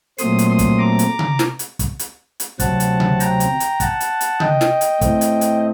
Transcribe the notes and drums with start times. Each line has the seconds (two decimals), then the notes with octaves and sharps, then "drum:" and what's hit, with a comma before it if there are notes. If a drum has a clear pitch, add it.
0.18 A#2 F#3 A3 C4 C6 D#6, drum: hi-hat
0.39 drum: hi-hat
0.49 C6 D#6
0.59 drum: kick, hi-hat
0.79 A#5 D6
0.99 drum: hi-hat
1.19 drum: tom C3
1.39 drum: snare
1.59 drum: hi-hat
1.79 drum: kick, hi-hat
1.99 drum: hi-hat
2.40 drum: hi-hat
2.60 D2 C3 F#3 C4 F#5 A5, drum: kick, hi-hat
2.80 drum: hi-hat
3.00 drum: tom C3
3.20 G5 A#5, drum: hi-hat
3.40 drum: hi-hat
3.60 drum: hi-hat
3.80 F#5 A5, drum: kick, hi-hat
4.00 drum: hi-hat
4.21 drum: hi-hat
4.40 D#5 G5, drum: tom C3
4.61 drum: snare
4.81 drum: hi-hat
5.01 A2 A3 C4, drum: kick, hi-hat
5.21 drum: hi-hat
5.41 drum: hi-hat